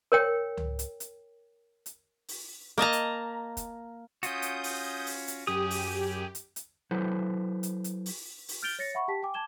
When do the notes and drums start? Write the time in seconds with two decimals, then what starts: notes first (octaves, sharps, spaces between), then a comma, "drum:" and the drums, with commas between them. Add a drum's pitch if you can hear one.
0.12 A#4 C#5 G5
0.57 drum: tom C#2
0.79 drum: hi-hat
1.00 drum: hi-hat
1.86 drum: hi-hat
2.28 drum: open hi-hat
2.78 A#3 D#5 A5 A#5
2.93 drum: hi-hat
3.57 drum: kick, hi-hat
4.23 C#4 F4 F#4 D#6 G6, drum: hi-hat
4.42 drum: hi-hat
4.64 drum: open hi-hat
5.06 drum: open hi-hat
5.28 drum: hi-hat
5.47 F#2 G4 G#4 D#6
5.71 drum: open hi-hat
6.35 drum: hi-hat
6.56 drum: hi-hat
6.91 F#3 E4 A4 B4 C5
7.63 drum: hi-hat
7.84 drum: hi-hat
8.06 drum: open hi-hat
8.48 drum: open hi-hat
8.62 F6 G6 A6 D7 F7 G7
8.79 C#5 A6 A#6 C#7
8.94 E5 F#5 B5 C#6
9.08 G4 G5 A5 B6
9.23 G5 G#5 D6
9.34 A5 D6 G#6 E7 G7